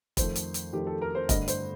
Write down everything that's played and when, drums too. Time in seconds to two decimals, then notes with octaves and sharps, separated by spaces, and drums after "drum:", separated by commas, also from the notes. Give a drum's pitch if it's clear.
0.17 F2 D#3 A3 C5, drum: kick, hi-hat
0.36 drum: hi-hat
0.54 drum: hi-hat
0.73 F2 D#3 A3 G4
0.87 A4
1.02 A#4
1.15 C5
1.29 G2 D3 A3 D#5, drum: kick, hi-hat
1.48 C5, drum: hi-hat